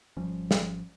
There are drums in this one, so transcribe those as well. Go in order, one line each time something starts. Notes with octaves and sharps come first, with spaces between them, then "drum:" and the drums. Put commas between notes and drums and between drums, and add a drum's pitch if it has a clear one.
G#1 F3 G3 C#4
drum: snare